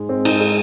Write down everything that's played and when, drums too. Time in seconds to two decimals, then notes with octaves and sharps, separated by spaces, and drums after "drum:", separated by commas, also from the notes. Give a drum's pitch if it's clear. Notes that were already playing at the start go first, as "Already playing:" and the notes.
Already playing: G#2 G#3
0.09 C4
0.25 D#4, drum: cymbal
0.40 G#4